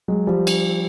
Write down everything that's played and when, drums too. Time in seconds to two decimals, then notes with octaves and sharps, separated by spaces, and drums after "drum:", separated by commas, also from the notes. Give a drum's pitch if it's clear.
0.08 F#3 G#3
0.27 F3 G3
0.47 drum: cymbal